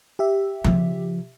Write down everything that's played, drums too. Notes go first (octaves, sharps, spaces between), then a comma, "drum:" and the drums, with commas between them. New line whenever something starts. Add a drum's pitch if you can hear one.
G4 E5
C#3 F3, drum: tom F3